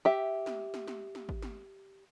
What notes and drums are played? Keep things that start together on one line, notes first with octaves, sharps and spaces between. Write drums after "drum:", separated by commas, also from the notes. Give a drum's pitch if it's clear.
G4 E5
drum: snare
drum: snare
drum: snare
drum: snare
drum: kick G#1
drum: snare